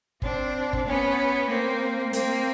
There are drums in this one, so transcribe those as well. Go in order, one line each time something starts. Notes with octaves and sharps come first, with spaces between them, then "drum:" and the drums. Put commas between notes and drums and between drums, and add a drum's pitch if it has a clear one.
C4 D4, drum: kick
drum: kick
B3 C#4
A#3 C4
A#3 C4, drum: hi-hat